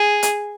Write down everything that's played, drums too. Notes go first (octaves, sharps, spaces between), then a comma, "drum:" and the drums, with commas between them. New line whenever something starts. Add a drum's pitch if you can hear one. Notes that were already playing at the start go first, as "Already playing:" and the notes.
Already playing: G#4
drum: hi-hat